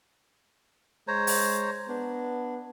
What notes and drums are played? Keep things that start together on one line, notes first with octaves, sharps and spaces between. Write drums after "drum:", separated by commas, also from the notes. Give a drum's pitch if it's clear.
G#3 C5 C#5 A#5
drum: open hi-hat
B3 D4